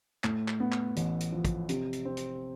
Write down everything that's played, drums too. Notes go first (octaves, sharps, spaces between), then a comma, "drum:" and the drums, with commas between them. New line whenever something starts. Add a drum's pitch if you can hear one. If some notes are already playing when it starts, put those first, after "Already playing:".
A2, drum: clap
drum: clap
B3
drum: clap
A1, drum: hi-hat
drum: hi-hat
F3
drum: kick, hi-hat
C3, drum: hi-hat
drum: hi-hat
C4
drum: hi-hat